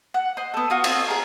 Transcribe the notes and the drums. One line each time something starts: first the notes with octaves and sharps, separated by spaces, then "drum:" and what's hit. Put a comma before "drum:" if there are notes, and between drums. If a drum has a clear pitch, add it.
F#5
C5 D#5
B3 A4
F4 F#4 D#6
C4 F4 D#5, drum: cymbal
G#4 A#4